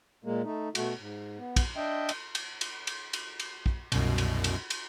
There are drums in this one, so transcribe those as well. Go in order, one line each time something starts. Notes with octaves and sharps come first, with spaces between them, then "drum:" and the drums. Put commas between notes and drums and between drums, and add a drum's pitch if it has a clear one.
A#2 G#3 A#3
A3 D#4
B2 A3 F#4, drum: cymbal
G#2
B3
drum: kick, cymbal
D4 D#5 E5 G5
drum: cymbal
drum: cymbal
drum: cymbal
drum: cymbal
drum: cymbal
drum: cymbal
drum: kick
C2 F#2 B2, drum: cymbal
drum: cymbal
drum: cymbal
drum: cymbal